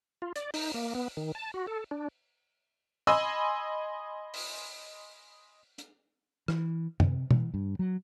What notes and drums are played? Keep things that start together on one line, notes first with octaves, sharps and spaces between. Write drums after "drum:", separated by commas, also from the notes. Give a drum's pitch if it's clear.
F4
D5, drum: hi-hat
D#4, drum: open hi-hat
A#3
B3
D#3
A5
F#4
A4
D4
D#5 G#5 B5 C6 E6
drum: open hi-hat
drum: hi-hat
E3, drum: rim click
C3, drum: tom F#2
E3, drum: tom
G2
F#3